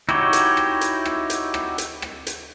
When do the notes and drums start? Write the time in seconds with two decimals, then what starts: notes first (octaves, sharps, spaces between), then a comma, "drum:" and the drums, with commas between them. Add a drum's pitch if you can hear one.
0.09 D#4 E4 F#4 G4 C#5, drum: rim click
0.33 drum: hi-hat
0.57 drum: rim click
0.81 drum: hi-hat
1.05 drum: rim click
1.30 drum: hi-hat
1.54 drum: rim click
1.78 drum: hi-hat
2.02 drum: rim click
2.27 drum: hi-hat